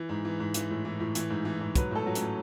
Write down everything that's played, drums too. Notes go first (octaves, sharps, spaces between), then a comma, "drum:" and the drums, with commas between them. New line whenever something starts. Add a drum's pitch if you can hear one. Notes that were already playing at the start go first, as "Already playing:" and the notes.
Already playing: E3
G#2
E3
G#2
E3, drum: hi-hat
A2
E3
A2
E3, drum: hi-hat
G#2
E3
G#2
F#3 B4, drum: kick, hi-hat
A2 A4
F#3
C#4, drum: hi-hat
A2